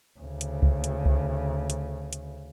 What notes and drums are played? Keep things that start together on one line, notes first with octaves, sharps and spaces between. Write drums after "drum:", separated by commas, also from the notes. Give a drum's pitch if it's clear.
D2 C#3
drum: hi-hat
drum: kick C#2
drum: hi-hat
drum: kick C#2
drum: hi-hat
drum: hi-hat